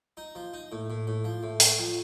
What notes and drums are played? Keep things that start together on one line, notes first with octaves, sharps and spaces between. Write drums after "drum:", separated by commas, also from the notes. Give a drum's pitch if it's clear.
D#4
F3
D#4
A2
A2
A2
F3
A2
A3, drum: open hi-hat
F3